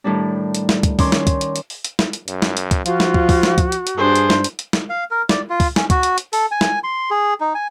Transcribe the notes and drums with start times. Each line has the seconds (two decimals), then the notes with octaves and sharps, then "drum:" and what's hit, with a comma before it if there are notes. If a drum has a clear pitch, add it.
0.04 A2 D#3 G3 D4
0.55 drum: hi-hat
0.69 drum: snare
0.83 drum: kick, hi-hat
0.99 D#3 C#4 C6 D6, drum: kick, open hi-hat
1.12 drum: snare
1.27 drum: kick, hi-hat
1.41 drum: hi-hat
1.56 drum: hi-hat
1.70 drum: open hi-hat
1.84 drum: hi-hat
1.99 drum: snare
2.13 drum: hi-hat
2.28 F#2, drum: hi-hat
2.42 drum: snare
2.57 drum: hi-hat
2.71 drum: kick, hi-hat
2.86 F3 F4 F#4, drum: hi-hat
3.00 drum: snare
3.14 drum: kick
3.29 drum: kick, open hi-hat
3.43 drum: snare
3.58 drum: kick, hi-hat
3.72 drum: hi-hat
3.87 drum: hi-hat
3.98 G2 D4 G#4 C5
4.16 drum: hi-hat
4.30 drum: snare
4.44 drum: hi-hat
4.59 drum: hi-hat
4.73 drum: snare
4.90 F5
5.11 A#4
5.29 D5, drum: snare
5.50 F4
5.60 drum: kick, open hi-hat
5.76 C#4, drum: snare
5.90 F#4, drum: kick, hi-hat
6.03 drum: hi-hat
6.18 drum: hi-hat
6.33 A4, drum: open hi-hat
6.51 G#5
6.61 drum: snare
6.84 C6
7.11 G#4
7.40 D#4
7.55 G#5